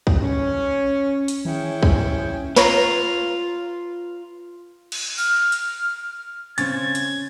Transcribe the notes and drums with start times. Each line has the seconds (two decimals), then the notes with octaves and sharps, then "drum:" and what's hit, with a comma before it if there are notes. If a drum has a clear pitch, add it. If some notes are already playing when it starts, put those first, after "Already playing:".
0.07 drum: kick
0.22 C#4
1.28 drum: hi-hat
1.45 C#4 E4 G#4 G5, drum: tom D#3
1.83 drum: kick
2.56 F4 B4 C#5 A#5, drum: snare
4.92 drum: cymbal
5.18 F6, drum: open hi-hat
5.52 drum: hi-hat
6.58 C#3 C4 C#4 G#6 A6, drum: hi-hat
6.95 drum: hi-hat